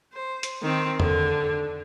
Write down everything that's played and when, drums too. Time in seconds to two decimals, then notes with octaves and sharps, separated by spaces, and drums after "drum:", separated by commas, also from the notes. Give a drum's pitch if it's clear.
0.13 C5
0.43 drum: hi-hat
0.62 D#3 C4
1.00 D3 D4, drum: tom E2